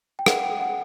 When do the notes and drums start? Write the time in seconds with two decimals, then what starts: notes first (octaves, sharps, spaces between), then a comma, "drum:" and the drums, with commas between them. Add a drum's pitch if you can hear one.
0.19 G5
0.26 F#5, drum: rim click
0.44 G5
0.61 F#5